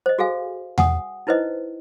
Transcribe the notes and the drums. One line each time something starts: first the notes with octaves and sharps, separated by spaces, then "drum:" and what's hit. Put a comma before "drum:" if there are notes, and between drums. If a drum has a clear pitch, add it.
C5 D#5
F#4 G#4 A4 F5 G#5
F#5 G#5 D#6, drum: tom E2
D#4 E4 B4 C5 D#5